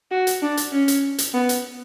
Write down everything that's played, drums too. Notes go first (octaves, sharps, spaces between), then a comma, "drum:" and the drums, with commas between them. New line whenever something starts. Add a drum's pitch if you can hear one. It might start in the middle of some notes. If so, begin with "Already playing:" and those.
F#4
drum: hi-hat
D4
drum: hi-hat
C#4
drum: hi-hat
drum: hi-hat
B3
drum: hi-hat